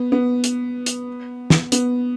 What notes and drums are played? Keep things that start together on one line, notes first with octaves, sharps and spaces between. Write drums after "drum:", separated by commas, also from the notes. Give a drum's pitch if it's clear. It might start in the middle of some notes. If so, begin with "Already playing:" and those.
Already playing: B3
B3
drum: hi-hat
drum: hi-hat
drum: snare
B3, drum: hi-hat